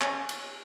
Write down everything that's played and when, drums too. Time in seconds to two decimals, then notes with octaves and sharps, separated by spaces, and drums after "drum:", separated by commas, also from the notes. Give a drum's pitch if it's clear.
0.01 C#4, drum: clap
0.29 drum: cymbal